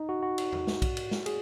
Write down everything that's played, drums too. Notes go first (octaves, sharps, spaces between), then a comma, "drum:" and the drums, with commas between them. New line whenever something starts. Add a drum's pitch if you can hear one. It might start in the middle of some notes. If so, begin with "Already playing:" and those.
Already playing: D#4
F#4
F#4
drum: cymbal
drum: tom E2
drum: snare
drum: kick B1, cymbal
drum: cymbal
drum: snare
G#4, drum: cymbal